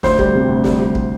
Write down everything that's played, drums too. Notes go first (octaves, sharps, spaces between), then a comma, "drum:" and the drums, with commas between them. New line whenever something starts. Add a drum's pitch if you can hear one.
D2 C5, drum: snare
G3, drum: kick
C3
D2
G3, drum: snare
G3
drum: kick